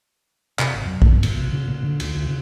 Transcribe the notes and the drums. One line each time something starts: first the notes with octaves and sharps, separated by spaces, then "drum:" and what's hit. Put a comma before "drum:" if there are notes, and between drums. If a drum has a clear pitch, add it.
C3, drum: clap
G#1
F#2
G1, drum: kick
A#2, drum: cymbal
C3
C#3
A#2
D3
D2, drum: cymbal
D2
C#3